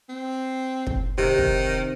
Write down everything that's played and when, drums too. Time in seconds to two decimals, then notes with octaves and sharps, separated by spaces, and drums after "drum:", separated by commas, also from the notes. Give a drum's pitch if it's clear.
0.09 C4
0.87 drum: kick
1.18 C3 D#3
1.38 drum: kick